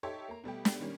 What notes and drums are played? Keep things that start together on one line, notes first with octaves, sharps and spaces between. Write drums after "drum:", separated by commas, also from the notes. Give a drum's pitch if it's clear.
D#4 G4 A4 C#5 E5 C6
A#3 A#5
B2 G3 A3 G4
drum: snare
D#3 G3 A#3 C#4